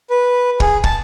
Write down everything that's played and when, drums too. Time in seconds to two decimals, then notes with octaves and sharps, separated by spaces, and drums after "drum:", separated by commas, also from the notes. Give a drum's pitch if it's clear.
0.10 B4
0.60 G#4, drum: kick
0.84 A5, drum: kick